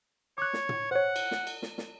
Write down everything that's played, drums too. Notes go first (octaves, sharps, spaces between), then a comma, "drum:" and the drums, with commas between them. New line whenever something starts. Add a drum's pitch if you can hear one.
C#5 D6 F#6
drum: snare
drum: tom
C5 C#5 F#5
drum: cymbal
drum: snare
drum: cymbal
drum: snare
drum: snare